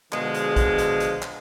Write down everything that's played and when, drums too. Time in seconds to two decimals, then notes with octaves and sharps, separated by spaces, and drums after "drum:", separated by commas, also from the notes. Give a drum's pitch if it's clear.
0.12 B2 D3 F3 G#3, drum: clap
0.34 drum: hi-hat
0.56 drum: kick, hi-hat
0.78 drum: hi-hat
1.00 drum: hi-hat
1.22 drum: clap